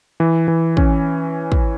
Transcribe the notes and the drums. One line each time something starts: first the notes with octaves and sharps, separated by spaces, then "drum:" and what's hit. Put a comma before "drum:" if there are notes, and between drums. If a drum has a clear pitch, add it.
E3
E3
C#4, drum: kick
drum: kick